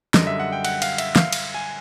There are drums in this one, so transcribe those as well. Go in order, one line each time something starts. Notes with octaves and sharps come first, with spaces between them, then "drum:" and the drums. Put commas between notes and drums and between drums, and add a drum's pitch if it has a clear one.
F#2 D3 G3 D#5, drum: snare
E5
F#5
G5
F#5, drum: cymbal
F5, drum: cymbal
E5, drum: cymbal
F5, drum: snare
drum: cymbal
G#5